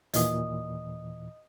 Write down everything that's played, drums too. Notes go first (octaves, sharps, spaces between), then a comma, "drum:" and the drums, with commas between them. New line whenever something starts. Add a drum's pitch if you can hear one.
D#2 A#2 E3 D#5 D#6, drum: hi-hat